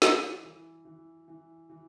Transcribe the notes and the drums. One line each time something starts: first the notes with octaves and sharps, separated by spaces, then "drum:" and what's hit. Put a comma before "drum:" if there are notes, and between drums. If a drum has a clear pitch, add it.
E3, drum: snare
E3
E3
E3
E3